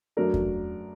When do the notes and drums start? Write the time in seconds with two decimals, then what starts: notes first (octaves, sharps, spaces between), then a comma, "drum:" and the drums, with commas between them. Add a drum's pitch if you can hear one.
0.17 F#2 F#3 A3 D4 A#4
0.34 drum: kick E2